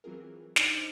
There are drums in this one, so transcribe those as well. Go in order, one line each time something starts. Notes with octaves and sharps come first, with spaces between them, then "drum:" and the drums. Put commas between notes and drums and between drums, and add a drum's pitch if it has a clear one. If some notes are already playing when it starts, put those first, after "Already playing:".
E3 F#3 C4 F4 G#4 A#4
D4 D#4 C5 D#5, drum: snare